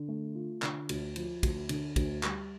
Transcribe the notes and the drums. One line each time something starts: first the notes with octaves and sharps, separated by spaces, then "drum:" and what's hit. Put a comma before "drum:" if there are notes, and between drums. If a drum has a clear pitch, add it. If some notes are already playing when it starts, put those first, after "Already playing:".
Already playing: D3
A3
F4
D3, drum: clap
D2, drum: cymbal
F3, drum: cymbal
D2, drum: kick, cymbal
D3, drum: cymbal
D2, drum: kick, cymbal
G3, drum: clap